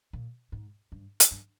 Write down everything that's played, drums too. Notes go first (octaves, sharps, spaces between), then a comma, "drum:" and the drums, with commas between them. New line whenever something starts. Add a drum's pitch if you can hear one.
A#2
G#2
G2
drum: hi-hat
G2